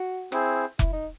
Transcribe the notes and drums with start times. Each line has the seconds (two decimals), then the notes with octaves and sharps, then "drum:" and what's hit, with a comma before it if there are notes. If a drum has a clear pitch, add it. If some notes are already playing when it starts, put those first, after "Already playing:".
Already playing: F#4
0.32 C4 E4 G#4 C5, drum: rim click
0.79 E4, drum: kick F1
0.93 D#4